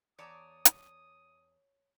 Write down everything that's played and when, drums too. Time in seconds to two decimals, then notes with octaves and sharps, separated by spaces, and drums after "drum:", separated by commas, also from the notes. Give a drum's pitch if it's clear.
0.19 E2 C#5 D5 A5 A#5 D6 D#6
0.65 drum: hi-hat